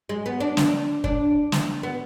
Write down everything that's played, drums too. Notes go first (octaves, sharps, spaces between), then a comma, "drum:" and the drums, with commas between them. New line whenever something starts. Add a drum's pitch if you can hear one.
G#3
B3
D4
drum: snare
D4, drum: kick
drum: snare
B3